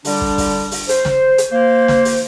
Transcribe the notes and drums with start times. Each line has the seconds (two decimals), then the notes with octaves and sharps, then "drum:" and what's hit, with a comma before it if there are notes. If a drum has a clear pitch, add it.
0.05 D3 G3 D4, drum: open hi-hat
0.21 drum: kick
0.38 drum: kick, open hi-hat
0.71 drum: open hi-hat
0.89 C5, drum: hi-hat
1.05 drum: snare
1.38 drum: hi-hat
1.51 A#3 C5
1.88 drum: snare
2.05 drum: open hi-hat